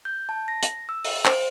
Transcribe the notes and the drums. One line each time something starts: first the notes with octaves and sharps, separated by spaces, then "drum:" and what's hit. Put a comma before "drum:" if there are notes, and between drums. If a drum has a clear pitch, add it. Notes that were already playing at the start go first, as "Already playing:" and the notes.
G6
A5
A#6
drum: hi-hat
E6
drum: open hi-hat
C5, drum: clap